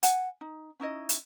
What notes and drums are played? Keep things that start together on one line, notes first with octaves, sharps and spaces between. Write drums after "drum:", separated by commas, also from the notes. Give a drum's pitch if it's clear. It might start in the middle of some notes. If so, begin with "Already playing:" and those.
F#5 G#5, drum: hi-hat
D#4
C#4 D#4 E4 D#5
drum: hi-hat